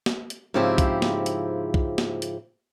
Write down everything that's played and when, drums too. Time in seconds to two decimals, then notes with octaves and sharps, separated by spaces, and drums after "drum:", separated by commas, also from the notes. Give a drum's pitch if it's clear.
0.06 drum: snare
0.30 drum: hi-hat
0.54 G#2 C#3 F3 C4 E4 G4
0.78 drum: kick, hi-hat
1.02 drum: snare
1.26 drum: hi-hat
1.74 drum: kick
1.98 drum: snare
2.22 drum: hi-hat